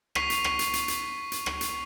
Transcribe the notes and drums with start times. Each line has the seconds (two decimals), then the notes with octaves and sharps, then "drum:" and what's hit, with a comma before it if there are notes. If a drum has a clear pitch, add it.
0.15 C#6 B6 C7 D#7 F7, drum: rim click
0.30 drum: hi-hat
0.44 drum: rim click
0.59 drum: hi-hat
0.73 drum: hi-hat
0.88 drum: hi-hat
1.32 drum: hi-hat
1.46 drum: rim click
1.61 drum: hi-hat